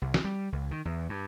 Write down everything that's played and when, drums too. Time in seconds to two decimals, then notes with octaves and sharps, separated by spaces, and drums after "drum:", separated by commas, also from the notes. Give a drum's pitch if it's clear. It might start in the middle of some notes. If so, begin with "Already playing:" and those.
0.02 C2
0.14 drum: snare
0.24 G3
0.52 C#2
0.71 D#3
0.85 E2
1.09 G2